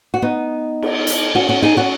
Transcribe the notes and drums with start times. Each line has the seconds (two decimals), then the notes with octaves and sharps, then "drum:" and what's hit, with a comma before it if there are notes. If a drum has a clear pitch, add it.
0.14 F#4
0.22 B3 D#4
0.82 drum: cymbal
1.07 drum: hi-hat
1.35 C#4 F#4
1.49 C#4 F#4
1.62 D#4 G#4
1.77 C#4 F#4